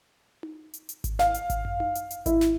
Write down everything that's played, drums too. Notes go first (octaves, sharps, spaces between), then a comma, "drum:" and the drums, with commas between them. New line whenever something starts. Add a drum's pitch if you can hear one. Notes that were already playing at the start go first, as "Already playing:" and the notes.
drum: tom D#4
drum: hi-hat
drum: hi-hat
drum: kick G#1, hi-hat
F5, drum: snare
drum: hi-hat
drum: kick G#1, hi-hat
drum: tom
drum: tom D#4
drum: hi-hat
drum: hi-hat
E4, drum: kick G#1, hi-hat
drum: snare